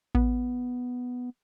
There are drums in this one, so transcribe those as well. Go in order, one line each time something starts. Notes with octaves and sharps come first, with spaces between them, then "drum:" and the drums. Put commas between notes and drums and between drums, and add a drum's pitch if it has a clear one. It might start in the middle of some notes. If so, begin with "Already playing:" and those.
B3, drum: kick A1